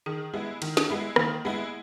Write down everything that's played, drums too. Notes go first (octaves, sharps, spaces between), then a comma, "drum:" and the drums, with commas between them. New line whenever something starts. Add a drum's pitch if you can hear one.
D#3 G#4
G#3 B3 E4
D#3, drum: cymbal
drum: snare
G#3 B3 E4
D#3 A#3, drum: rim click
G#3 B3 E4